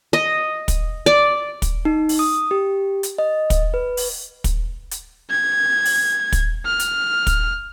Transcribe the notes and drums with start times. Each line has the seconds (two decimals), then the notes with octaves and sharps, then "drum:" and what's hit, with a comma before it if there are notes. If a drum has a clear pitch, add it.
0.13 D#5
0.68 drum: kick, hi-hat
1.06 D5
1.62 drum: kick, hi-hat
1.85 D#4
2.09 drum: open hi-hat
2.19 D#6
2.51 G4
3.03 drum: hi-hat
3.18 D#5
3.50 drum: kick, hi-hat
3.74 B4
3.97 drum: open hi-hat
4.44 drum: kick, hi-hat
4.91 drum: hi-hat
5.30 G#6
5.85 drum: open hi-hat
6.32 drum: kick, hi-hat
6.66 F6
6.80 drum: hi-hat
7.27 drum: kick, hi-hat